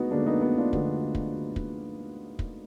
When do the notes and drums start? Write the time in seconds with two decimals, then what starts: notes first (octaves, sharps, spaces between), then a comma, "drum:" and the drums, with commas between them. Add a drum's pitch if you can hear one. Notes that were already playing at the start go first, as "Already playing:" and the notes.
Already playing: D2 D3 G#3 B3 D#4 F#4
0.11 D2 D3 G#3 A#3 D4
0.26 B3 D#4
0.42 B3 D#4
0.57 D4 F4
0.73 D2 D3 G#3 B3, drum: kick
1.15 drum: kick
1.37 D3
1.56 drum: kick
2.39 drum: kick